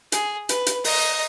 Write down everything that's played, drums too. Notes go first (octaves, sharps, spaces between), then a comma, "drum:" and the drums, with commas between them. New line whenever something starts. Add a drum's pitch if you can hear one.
G#4, drum: hi-hat
B4, drum: hi-hat
drum: hi-hat
D#5 A#5, drum: open hi-hat